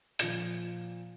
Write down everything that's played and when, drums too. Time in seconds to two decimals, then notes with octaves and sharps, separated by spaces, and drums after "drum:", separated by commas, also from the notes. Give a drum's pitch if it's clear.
0.19 A#2 F3, drum: hi-hat